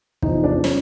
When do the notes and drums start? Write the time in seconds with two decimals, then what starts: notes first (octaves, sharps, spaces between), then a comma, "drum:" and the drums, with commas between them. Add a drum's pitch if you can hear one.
0.23 E2 C3 F3 D#4, drum: kick
0.44 D4
0.64 C#4, drum: snare